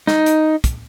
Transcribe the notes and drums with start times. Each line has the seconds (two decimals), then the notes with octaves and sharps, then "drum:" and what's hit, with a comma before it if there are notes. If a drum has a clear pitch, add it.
0.07 D#4, drum: snare
0.26 drum: hi-hat
0.64 drum: kick, hi-hat